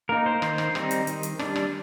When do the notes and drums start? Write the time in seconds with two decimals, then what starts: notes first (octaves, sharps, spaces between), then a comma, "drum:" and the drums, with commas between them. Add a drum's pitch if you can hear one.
0.09 A#3 D#4 A#4
0.26 C5
0.42 D#3 C5, drum: rim click
0.58 drum: rim click
0.75 G3 C4 D#4, drum: rim click
0.91 drum: hi-hat
1.07 D#3, drum: hi-hat
1.23 drum: hi-hat
1.39 G3 D4, drum: rim click
1.56 drum: rim click